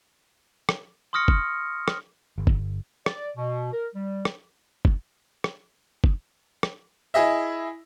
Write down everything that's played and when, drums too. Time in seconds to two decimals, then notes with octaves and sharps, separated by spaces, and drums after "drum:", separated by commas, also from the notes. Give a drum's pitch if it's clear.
0.69 drum: rim click
1.13 C6 C#6 D#6 F6 A#6 C#7
1.28 drum: kick
1.88 drum: rim click
2.38 G1
2.47 drum: kick
3.06 D5, drum: rim click
3.36 B2
3.73 A#4
3.94 G3
4.25 drum: rim click
4.85 drum: kick
5.44 drum: rim click
6.04 drum: kick
6.63 drum: rim click
7.14 E4 G#4 D#5 E5